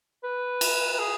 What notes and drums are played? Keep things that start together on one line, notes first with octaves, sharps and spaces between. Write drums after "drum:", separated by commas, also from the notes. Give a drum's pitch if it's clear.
B4
drum: cymbal
B4
G#4